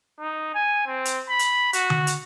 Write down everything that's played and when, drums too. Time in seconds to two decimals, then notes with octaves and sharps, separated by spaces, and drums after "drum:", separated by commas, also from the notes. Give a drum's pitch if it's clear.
0.19 D#4
0.55 G#5
0.87 C4
1.05 drum: hi-hat
1.29 B5
1.39 drum: hi-hat
1.73 F#4, drum: hi-hat
1.90 drum: tom D3
2.07 drum: hi-hat